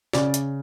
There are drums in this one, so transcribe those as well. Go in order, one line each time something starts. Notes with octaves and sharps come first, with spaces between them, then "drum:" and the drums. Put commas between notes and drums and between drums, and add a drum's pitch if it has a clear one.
C#3 D5, drum: snare
drum: hi-hat